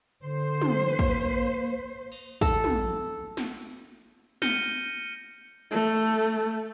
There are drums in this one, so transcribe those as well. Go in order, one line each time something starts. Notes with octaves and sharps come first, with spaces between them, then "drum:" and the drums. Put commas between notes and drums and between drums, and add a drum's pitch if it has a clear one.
D3 C5
drum: tom
A#3, drum: kick
drum: cymbal
A4, drum: kick
drum: tom
drum: snare
F6 G6 A#6 C#7 D#7 G7, drum: snare
A3, drum: cymbal